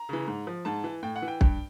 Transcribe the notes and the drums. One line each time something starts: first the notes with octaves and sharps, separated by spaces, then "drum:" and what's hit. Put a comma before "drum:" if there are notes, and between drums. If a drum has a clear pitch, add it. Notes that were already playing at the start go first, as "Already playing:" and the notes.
Already playing: A#5
C#3 E3
G#2
F3
G#2 A5
E3
A2 G5
F#5
E3
G5
G2, drum: kick